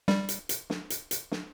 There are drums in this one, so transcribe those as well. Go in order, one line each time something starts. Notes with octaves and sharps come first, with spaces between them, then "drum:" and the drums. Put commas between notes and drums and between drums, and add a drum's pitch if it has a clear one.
G3, drum: snare
drum: hi-hat
drum: hi-hat
drum: snare
drum: hi-hat
drum: hi-hat
drum: snare